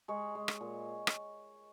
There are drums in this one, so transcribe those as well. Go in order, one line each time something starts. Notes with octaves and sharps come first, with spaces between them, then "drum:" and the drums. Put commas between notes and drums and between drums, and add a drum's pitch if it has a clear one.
G#3 C#5
G#3
drum: rim click
A#2
drum: rim click